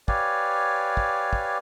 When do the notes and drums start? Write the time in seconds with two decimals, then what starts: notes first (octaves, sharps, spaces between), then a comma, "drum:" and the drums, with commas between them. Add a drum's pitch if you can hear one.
0.08 G4 B4 C#5 D5 F5 G#5, drum: kick
0.97 drum: kick
1.33 drum: kick